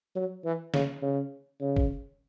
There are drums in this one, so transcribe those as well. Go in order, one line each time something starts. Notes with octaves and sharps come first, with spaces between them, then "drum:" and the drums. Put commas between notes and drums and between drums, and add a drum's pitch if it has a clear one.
F#3
E3
C#3, drum: snare
C#3
C#3
drum: kick G1